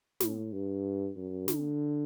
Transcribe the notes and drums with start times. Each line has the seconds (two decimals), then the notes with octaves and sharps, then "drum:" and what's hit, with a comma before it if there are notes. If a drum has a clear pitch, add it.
0.20 A2, drum: snare
0.52 G2
1.16 F#2
1.48 D3, drum: snare